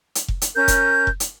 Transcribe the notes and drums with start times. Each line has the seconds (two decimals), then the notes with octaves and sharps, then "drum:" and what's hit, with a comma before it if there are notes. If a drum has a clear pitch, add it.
0.15 drum: hi-hat
0.28 drum: kick F1
0.42 drum: hi-hat
0.55 C#4 A#4 G6
0.68 drum: kick F1, hi-hat
1.07 drum: kick F1
1.20 drum: hi-hat